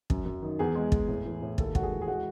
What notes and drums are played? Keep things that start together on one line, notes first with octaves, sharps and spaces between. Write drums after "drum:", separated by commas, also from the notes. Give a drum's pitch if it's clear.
F#2, drum: kick
F#2
D#3
E2 G#4
G#3
E2, drum: kick
A2
E3
A2
D#2 A4, drum: kick
G#3 F#4, drum: kick
G#4
E3
G#4
G#3 F#4